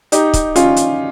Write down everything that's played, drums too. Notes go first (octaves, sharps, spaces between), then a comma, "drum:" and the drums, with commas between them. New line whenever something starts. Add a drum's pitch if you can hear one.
D#4 G4, drum: hi-hat
drum: kick, hi-hat
C#4 F4, drum: hi-hat
drum: hi-hat